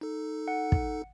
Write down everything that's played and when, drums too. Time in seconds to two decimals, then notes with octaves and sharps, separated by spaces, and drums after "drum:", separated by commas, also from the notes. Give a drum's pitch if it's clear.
0.01 D#4 A4
0.48 F#5
0.72 drum: kick